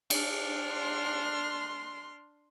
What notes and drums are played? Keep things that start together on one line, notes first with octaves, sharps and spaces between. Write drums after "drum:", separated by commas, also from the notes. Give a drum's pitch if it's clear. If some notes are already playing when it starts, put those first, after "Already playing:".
D4 F6, drum: cymbal
C6